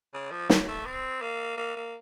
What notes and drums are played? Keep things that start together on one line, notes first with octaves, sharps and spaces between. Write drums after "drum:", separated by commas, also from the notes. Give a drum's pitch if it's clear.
C#3
F3
F#3, drum: snare
A3
C4
A#3
A#3
A#3